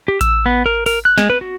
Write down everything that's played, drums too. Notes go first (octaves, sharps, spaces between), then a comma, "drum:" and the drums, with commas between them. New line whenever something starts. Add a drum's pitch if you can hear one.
G4
E6, drum: kick A1, hi-hat
B3
A#4
A#4, drum: open hi-hat
F#6
G#3, drum: snare
B4
F#4